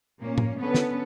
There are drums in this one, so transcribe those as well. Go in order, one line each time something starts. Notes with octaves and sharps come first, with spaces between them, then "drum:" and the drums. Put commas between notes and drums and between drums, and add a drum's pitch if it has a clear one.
A#2 A#3 C#4
drum: tom A2
D3 B3 C#4 A4 B4
drum: snare